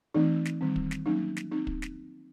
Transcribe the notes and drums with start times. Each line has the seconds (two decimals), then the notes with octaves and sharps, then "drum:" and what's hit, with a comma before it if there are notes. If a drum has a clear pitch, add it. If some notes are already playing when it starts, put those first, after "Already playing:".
0.14 E3 A3 C4 D#4
0.45 drum: snare
0.61 D#3 G3 C4
0.76 drum: kick
0.91 drum: snare
1.06 F#3 A#3 C#4 D#4
1.37 drum: snare
1.51 C4 D#4
1.67 drum: kick
1.82 drum: snare